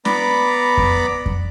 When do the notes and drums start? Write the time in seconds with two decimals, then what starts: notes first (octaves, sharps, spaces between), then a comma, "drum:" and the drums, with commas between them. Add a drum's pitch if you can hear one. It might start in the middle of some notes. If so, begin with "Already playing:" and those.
0.05 B3 D5 A#5 B5, drum: snare
0.78 drum: kick F2
1.26 drum: kick F2